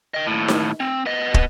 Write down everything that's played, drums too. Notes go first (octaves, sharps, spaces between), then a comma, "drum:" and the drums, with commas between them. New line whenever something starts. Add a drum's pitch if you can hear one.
D#5 G5
D#2 A2
drum: snare D#4
C4
B3 D#5
drum: kick